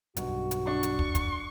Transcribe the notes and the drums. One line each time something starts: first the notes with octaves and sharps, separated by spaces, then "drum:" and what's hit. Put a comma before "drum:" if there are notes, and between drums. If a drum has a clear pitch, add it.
B1 G2 B2 F#4, drum: hi-hat
drum: hi-hat
D4 C#6
drum: hi-hat
drum: kick
drum: kick, hi-hat